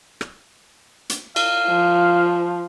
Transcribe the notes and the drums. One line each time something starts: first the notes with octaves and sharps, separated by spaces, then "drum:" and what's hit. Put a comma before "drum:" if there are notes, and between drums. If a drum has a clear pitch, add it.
drum: rim click
drum: hi-hat
F5, drum: cymbal
F3